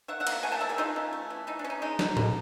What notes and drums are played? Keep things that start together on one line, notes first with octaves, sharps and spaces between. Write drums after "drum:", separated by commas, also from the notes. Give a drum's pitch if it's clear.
D#3 E5 F#5
E5 F#5
A#3, drum: cymbal
E5 F#5
A3 F#5 G#5
G5 A5
E3 D5 E5
G#4 A#4
E3 D#4 F4
C#4
A3
E3
E3 D#4
D4
C#4
D#4
G#3 D#4
B2, drum: snare
B2, drum: tom A2